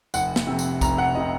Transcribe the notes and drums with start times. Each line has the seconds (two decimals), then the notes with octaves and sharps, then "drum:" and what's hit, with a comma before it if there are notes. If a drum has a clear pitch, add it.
0.14 F1 F#5, drum: tambourine
0.36 drum: snare
0.47 F2 C3
0.59 drum: tambourine
0.81 F1 A#5, drum: kick, tambourine
0.98 F#5
1.15 C3 D#5